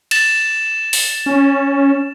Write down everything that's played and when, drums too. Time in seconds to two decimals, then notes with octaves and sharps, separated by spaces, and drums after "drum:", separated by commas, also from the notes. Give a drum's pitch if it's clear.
0.11 A6 E7, drum: cymbal
0.93 drum: open hi-hat
1.26 C#4